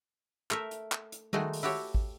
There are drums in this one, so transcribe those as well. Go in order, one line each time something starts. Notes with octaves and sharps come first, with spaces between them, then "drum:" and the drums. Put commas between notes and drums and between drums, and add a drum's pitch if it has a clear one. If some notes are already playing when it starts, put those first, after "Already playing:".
A3 A#4 E5, drum: clap
drum: hi-hat
drum: clap
drum: hi-hat
D#3 G#3 A3 D#4 F#4 G#4, drum: tom G3
drum: open hi-hat
E4 F#4 G4 A4 C#5
drum: kick G#1